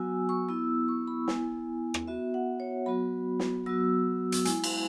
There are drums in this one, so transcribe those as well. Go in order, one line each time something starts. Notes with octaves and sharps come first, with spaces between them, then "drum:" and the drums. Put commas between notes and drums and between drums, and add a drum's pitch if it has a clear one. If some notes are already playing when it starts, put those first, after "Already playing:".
Already playing: F#3 B3 F#4 G#5 E6
C#6
B3 E4 E6
C#6
B5
B3 E4 G#5, drum: snare
drum: rim click
B3 F#4 E5
F#5
C#5
F#3 B3 F#4 B5
drum: snare
F#3 B3 F#4 E6
drum: hi-hat
G#3 E4 G#5, drum: hi-hat
drum: cymbal